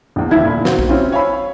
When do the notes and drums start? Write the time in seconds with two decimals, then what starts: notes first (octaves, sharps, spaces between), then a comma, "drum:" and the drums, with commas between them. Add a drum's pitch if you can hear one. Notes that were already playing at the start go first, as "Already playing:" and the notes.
0.16 A#1 E2
0.31 D#1 D2 F3 E4 E5 G#6
0.44 A#2 B5
0.65 A#3 F#4 C5, drum: snare
0.79 drum: kick A#1
0.89 C4 C#4 E4 F4
1.12 C#5 F5 G#5 B5 E6